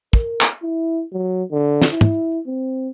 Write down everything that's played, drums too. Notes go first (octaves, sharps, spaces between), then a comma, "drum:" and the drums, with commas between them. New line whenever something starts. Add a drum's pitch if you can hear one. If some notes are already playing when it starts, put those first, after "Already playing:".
A#4, drum: kick
drum: clap
E4
F#3
D3
drum: snare
E4
drum: tom
C4